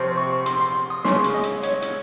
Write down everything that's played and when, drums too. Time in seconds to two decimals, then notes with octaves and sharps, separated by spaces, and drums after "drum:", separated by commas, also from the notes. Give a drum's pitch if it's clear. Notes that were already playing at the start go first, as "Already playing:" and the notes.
Already playing: C3 F3 C4 C#6
0.17 C#6
0.46 C6, drum: hi-hat
0.61 C6
0.90 D#6
1.04 C#3 G#3 C#4 C6, drum: snare
1.24 drum: hi-hat
1.34 D#5
1.43 drum: hi-hat
1.63 C#5, drum: hi-hat
1.82 drum: hi-hat